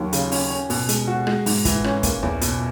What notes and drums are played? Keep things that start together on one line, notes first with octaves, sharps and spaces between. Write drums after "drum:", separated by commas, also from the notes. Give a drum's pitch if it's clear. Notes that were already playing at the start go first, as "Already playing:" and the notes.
Already playing: D#2 F#3
C#3, drum: hi-hat
C#4, drum: open hi-hat
C#4
B2, drum: open hi-hat
G#3, drum: hi-hat
F#4
G#3, drum: rim click
G#2, drum: open hi-hat
E3, drum: kick, hi-hat
C#4, drum: rim click
A#3, drum: kick, hi-hat
E2, drum: tom C2
B2, drum: hi-hat